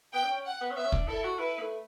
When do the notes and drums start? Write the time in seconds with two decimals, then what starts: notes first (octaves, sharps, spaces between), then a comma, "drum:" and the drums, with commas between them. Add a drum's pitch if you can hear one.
0.14 B3 G5
0.24 D4
0.29 C#4
0.45 F#5
0.61 B3
0.71 C#4
0.76 B3 E5
0.85 C#4
0.92 D4, drum: kick
1.07 E4 A4
1.24 F#4
1.38 E4 B4
1.60 A3